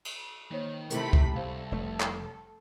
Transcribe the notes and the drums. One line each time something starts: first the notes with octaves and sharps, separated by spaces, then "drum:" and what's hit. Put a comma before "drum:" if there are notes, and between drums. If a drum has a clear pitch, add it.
drum: cymbal
D#3 A#3 C5 C#5
C3 A3 E4 A#4 B5, drum: hi-hat
drum: kick C#2
C2 A4 C5 F5
F1 A3
drum: clap